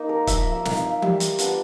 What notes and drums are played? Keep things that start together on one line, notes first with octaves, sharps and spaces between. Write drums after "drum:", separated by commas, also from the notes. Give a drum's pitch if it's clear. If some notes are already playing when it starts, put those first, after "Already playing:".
Already playing: A#3 D#4
A#4
F3 E5, drum: kick C#1, hi-hat
E5
A#3 D#4, drum: snare
F5
G3 E5, drum: tom E3
drum: hi-hat
B3 D4 F4, drum: hi-hat